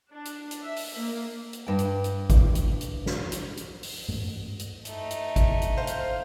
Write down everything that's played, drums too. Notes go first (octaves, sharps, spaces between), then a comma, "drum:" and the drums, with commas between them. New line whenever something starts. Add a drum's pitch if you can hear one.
D4
drum: hi-hat
drum: hi-hat
E5
drum: open hi-hat
A#3
drum: hi-hat
G2 G5
drum: hi-hat
drum: hi-hat
drum: kick G#1, hi-hat
drum: hi-hat
drum: hi-hat
drum: snare
drum: hi-hat
drum: hi-hat
drum: open hi-hat
drum: tom G2
drum: hi-hat
A3 D#4, drum: hi-hat
drum: hi-hat
drum: kick G#1, hi-hat
drum: hi-hat
C5 F5
drum: hi-hat